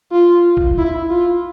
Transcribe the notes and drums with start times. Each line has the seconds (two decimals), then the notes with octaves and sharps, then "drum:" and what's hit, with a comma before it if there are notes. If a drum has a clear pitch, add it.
0.12 F4
0.57 drum: kick
0.78 E4
1.10 F4